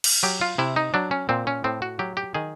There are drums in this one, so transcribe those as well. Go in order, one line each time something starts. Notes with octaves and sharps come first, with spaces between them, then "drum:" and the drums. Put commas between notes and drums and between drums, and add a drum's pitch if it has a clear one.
drum: cymbal
F#3 G4
F4
C3 E4
D#4
F#3 D4
C#4
A#2 C4
C#4
A2 C4
F#4
F#3 G4
G4
D#3 G#4